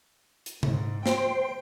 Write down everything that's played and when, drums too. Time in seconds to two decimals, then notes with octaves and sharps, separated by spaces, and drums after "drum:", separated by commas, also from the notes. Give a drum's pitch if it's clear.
0.46 drum: hi-hat
0.63 G#2, drum: tom C3
1.06 C5 G5, drum: snare